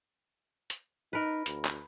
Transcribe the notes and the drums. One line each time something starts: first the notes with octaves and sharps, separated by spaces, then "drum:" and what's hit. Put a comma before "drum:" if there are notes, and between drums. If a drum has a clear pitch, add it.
drum: hi-hat
D#4 A#4 B4
D2, drum: hi-hat
drum: clap